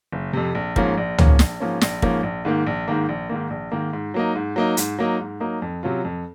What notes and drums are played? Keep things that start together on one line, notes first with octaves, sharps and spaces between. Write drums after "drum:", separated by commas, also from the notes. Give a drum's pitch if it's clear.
F#1
F2 C3
A#1
G#2 F3 A#3 C#4, drum: kick
A#1
G#2 F3 A#3 C#4, drum: tom
A#1, drum: snare
G#2 F3 A#3 C#4
A#1, drum: snare
G#2 F3 A#3 C#4, drum: kick
A#1
G#2 D#3 A#3
A#1
G#2 D#3 A#3
A#1
G#2 D#3 A#3
A#1
G#2 D#3 A#3
G#2
F#3 A#3 D#4
G#2
F#3 A#3 D#4
G#2, drum: hi-hat
F#3 A#3 D#4
G#2
F#3 A#3 D#4
F2
C3 F#3 C#4 F4
F2